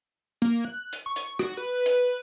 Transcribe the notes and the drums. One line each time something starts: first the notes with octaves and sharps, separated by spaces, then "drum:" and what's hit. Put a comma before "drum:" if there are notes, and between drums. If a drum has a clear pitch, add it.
A#3
F#6
drum: hi-hat
C#6
drum: hi-hat
F#4, drum: rim click
B4
drum: hi-hat